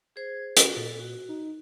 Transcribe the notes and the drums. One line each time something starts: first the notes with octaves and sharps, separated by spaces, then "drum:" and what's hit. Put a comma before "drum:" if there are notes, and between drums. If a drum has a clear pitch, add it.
G#4 C5 G#6
C#4 F4 F#4, drum: hi-hat
A#2 A4
F#4
D#4